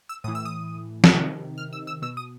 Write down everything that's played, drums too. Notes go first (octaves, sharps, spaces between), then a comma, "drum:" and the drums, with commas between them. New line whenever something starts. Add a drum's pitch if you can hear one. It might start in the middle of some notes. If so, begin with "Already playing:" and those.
E6
A2 E3 D#6
E6
D#6
drum: snare
C3 D#3
F6
E6
E6
B2 E6
D#6